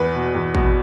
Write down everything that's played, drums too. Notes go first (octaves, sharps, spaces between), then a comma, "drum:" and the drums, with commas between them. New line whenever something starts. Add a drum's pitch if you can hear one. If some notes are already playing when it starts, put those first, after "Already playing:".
Already playing: E2 B4
B2
E2
B2, drum: kick A1